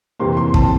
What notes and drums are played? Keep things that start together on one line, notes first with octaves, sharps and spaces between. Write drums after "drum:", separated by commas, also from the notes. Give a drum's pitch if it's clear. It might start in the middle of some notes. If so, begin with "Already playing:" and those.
F2 C3 E3 G3 A#3 C6
C6
A5, drum: kick